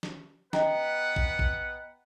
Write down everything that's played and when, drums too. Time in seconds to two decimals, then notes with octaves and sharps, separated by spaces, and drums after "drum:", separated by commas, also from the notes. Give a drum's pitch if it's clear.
0.03 drum: snare
0.53 B3 B4 D#5 F#5 G5 A#5, drum: snare
1.16 drum: kick
1.39 drum: kick